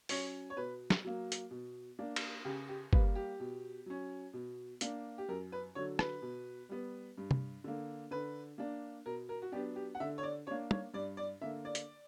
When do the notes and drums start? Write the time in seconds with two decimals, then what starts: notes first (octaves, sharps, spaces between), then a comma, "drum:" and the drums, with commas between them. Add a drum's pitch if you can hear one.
0.09 F#3 C#4 C#5, drum: open hi-hat
0.50 C#5
0.57 B2 B4
0.90 drum: snare
1.04 F#3 A#3
1.32 drum: hi-hat
1.51 B2
1.99 A#3 D4
2.16 drum: cymbal
2.45 C#3 G4
2.68 G4
2.93 G3 A#3 B4, drum: kick
3.15 G4
3.40 B2
3.86 F#3 C#4
4.33 B2
4.81 A#3 D4, drum: hi-hat
5.18 G4
5.29 F#2 A#4
5.52 B4
5.75 D3 F#3 C#5
5.99 B4, drum: rim click
6.22 B2
6.69 G3 B3
7.18 G2
7.31 drum: tom
7.64 D3 A#3
8.11 D3 B4
8.58 A#3 D4
9.06 B2 A#4
9.29 A#4
9.42 F#4
9.52 F#3 B3 D4 G4
9.76 G4
9.95 F#5
10.00 D3 E5
10.18 C#5
10.23 D5
10.47 A#3 D4 C#5
10.71 C#5, drum: tom
10.94 G2 D5
11.17 D5
11.41 D3 A#3 E5
11.65 D5
11.75 drum: hi-hat